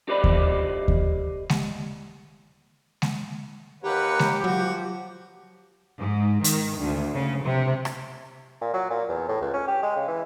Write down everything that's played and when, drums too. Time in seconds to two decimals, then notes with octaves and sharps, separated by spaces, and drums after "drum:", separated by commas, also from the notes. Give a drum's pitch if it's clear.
0.08 G4 A4 C5 D5 D#5 B5
0.24 drum: kick D#2
0.88 drum: kick D#2
1.49 drum: snare G#3
3.02 drum: snare G#3
3.83 D#2 A#3 G4 A#4 B4 C#5 F#5
4.19 drum: snare G#3
4.44 F3 F#3 F#4
5.98 G#2
6.44 D#3, drum: hi-hat
6.79 D2
7.14 C#3
7.43 C3
7.85 drum: rim click
8.61 A#2
8.74 F#3
8.90 A#2
9.09 E2
9.28 A2
9.41 C#2
9.54 C#4
9.68 G4
9.83 G#3
9.96 C#3
10.08 E3